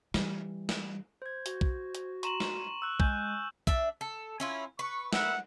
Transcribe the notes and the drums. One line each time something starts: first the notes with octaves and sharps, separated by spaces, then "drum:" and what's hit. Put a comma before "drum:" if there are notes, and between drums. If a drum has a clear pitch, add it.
E3 G3, drum: snare
drum: snare
C5 G#6
F#4, drum: hi-hat
drum: kick
drum: hi-hat
A#5 C6 C#6 E7 F#7, drum: hi-hat
drum: snare
E6 F#6
G#3 G#5 F#6 G6, drum: kick
D4 E5, drum: kick
A4
C#4 E4 F4
B4 C#6
A#4 E5 F#5, drum: snare